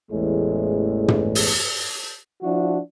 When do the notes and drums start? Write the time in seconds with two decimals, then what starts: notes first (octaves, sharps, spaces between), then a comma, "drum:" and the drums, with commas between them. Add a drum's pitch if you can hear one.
0.11 A1 E2 A2 G#3
1.08 drum: tom
1.35 drum: open hi-hat
2.42 F3 D4 E4 F#4